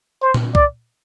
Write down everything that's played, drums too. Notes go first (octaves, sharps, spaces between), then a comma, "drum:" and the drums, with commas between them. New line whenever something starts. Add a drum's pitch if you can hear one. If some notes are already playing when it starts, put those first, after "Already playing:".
C5
drum: tom A#2
D5, drum: kick C2